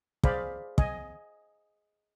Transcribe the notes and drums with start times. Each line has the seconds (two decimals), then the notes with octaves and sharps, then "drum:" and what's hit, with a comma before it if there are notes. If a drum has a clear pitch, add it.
0.23 G#4 C5 D5 F5 B5, drum: kick
0.78 D#5 G#5, drum: kick